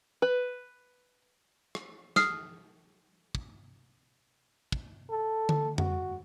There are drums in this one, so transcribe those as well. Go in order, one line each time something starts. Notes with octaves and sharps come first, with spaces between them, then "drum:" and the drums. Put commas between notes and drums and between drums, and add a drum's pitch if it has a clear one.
B4
drum: rim click
D#6 F6 C7, drum: snare
drum: kick
drum: kick
A4
drum: tom D3
F#4, drum: tom F2